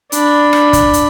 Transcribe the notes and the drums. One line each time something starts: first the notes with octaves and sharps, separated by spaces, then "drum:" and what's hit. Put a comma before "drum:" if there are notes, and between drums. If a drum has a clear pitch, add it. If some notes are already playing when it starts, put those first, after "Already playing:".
D4 B5, drum: hi-hat
drum: rim click
drum: kick, hi-hat
drum: hi-hat